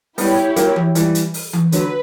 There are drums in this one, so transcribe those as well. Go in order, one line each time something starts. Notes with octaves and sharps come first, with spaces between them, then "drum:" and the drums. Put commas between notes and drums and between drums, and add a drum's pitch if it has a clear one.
G3 B3 E4 G4 C#5, drum: open hi-hat
F#3 A#3, drum: hi-hat
drum: tom E3
E3 G3, drum: hi-hat
drum: hi-hat
drum: open hi-hat
drum: tom E3
D3 F#3 B4, drum: hi-hat